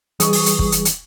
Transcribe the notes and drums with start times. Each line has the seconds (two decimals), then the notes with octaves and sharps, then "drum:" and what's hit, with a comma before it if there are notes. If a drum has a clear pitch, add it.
0.20 E3 G3 G#4 C#6 D#6, drum: hi-hat
0.33 drum: open hi-hat
0.46 drum: hi-hat
0.59 drum: kick
0.72 drum: hi-hat
0.85 drum: hi-hat